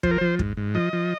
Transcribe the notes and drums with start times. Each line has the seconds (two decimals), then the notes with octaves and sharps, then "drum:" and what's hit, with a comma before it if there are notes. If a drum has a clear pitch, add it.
0.03 F3 C5, drum: kick
0.11 A#4
0.18 F3 C5
0.39 G#2, drum: kick
0.57 G#2
0.75 F3 D#5
0.93 F3